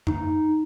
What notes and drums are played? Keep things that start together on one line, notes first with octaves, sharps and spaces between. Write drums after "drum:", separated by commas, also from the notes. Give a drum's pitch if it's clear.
D#4, drum: tom F#2